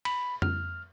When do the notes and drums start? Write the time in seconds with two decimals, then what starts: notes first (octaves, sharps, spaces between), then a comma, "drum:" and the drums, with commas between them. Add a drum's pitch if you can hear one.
0.05 B5, drum: cymbal
0.42 F6, drum: tom F2